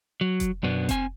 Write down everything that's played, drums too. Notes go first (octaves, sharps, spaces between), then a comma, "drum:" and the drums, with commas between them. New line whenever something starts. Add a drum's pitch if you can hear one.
F#3
drum: kick F1, hi-hat
F#2 B2 B3 D4
C4 G#5, drum: kick F1, hi-hat